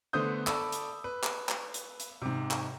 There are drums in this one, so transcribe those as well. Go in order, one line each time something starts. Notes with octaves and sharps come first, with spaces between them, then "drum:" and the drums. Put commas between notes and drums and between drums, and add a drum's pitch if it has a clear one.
D3 A3 B3 C5 D#6 G6
A4 D5 B5 E6, drum: clap
drum: hi-hat
B4
drum: clap
drum: clap
drum: hi-hat
drum: hi-hat
G#2 C3
drum: clap